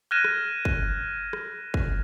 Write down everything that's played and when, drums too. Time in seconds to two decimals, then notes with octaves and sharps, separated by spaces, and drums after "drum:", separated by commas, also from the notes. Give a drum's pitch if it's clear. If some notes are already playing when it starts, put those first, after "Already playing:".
0.11 F6 F#6 G#6 A#6 D#7 E7
0.24 drum: rim click
0.65 drum: kick
1.33 drum: rim click
1.74 drum: kick